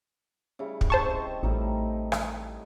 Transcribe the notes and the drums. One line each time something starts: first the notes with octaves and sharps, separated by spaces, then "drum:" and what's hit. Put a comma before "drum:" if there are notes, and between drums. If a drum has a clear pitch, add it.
C#3 G3 E4
drum: kick
C5 A5 C#6
C4 D#5
A1 A2 G3 D#4
drum: rim click